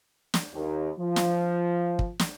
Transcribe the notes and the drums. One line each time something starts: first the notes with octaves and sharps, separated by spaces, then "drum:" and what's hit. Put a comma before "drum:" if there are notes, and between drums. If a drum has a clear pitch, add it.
drum: snare
D#2
F3
drum: snare
drum: kick
drum: snare